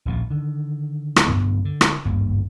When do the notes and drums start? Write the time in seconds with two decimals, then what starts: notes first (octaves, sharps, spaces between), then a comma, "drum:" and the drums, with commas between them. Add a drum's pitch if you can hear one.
0.05 D#1 A#1 A#2
0.30 D3 D#3
1.16 drum: rim click
1.27 B1 G2 D3 B3
1.65 D3
1.81 drum: rim click
2.05 G#1 D2 G2 A#3